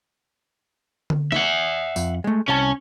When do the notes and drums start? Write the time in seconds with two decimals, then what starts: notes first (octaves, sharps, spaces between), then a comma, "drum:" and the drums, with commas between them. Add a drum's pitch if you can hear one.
1.10 drum: tom D3
1.32 E5 F#5, drum: snare
1.96 F2, drum: tambourine
2.24 G#3 A3
2.48 C2 C#4 A5